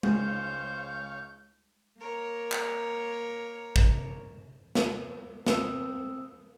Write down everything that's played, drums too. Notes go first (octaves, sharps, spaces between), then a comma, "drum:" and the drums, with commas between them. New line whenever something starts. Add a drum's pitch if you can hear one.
C#2 G#4 C5 C#5 F5 G6, drum: tom G#3
A#3 A#4 C#5
drum: clap
drum: kick
drum: snare
C4 D#6 E6, drum: snare